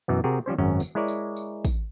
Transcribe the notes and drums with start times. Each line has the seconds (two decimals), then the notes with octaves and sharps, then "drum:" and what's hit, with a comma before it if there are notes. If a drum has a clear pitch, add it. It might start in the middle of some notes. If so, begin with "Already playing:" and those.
0.08 F#2 B2 E3
0.24 C3 C4 F#4 G#4 A#4
0.46 F3 G3 C#4 C5
0.58 G#1 F#2 C#4
0.80 drum: tambourine
0.95 G#3 E4 A#4 C#5 D5
1.08 drum: tambourine
1.36 drum: tambourine
1.65 drum: kick, tambourine